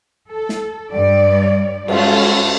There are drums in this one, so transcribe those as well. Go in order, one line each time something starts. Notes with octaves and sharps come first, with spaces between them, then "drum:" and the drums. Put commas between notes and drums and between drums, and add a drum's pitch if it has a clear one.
A4
drum: snare
G2 G3 D5
G#3 C#4 F4 F#4 A4, drum: cymbal